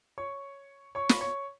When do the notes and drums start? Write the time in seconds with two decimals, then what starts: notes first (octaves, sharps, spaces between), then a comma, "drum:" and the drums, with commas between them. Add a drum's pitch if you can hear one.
0.18 C#5 C#6
0.95 C#5 C#6
1.09 B5, drum: snare
1.21 C#5 C#6